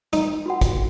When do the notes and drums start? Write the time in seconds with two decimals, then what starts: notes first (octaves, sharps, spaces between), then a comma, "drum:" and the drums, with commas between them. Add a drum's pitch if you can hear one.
0.13 D#4, drum: hi-hat
0.46 F4 F#4 F#5
0.61 drum: kick, hi-hat